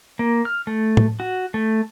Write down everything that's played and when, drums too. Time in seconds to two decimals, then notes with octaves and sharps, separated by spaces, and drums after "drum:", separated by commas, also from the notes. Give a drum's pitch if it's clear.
0.19 A#3
0.45 F6
0.67 A3
0.97 drum: tom A2
1.20 F#4
1.54 A3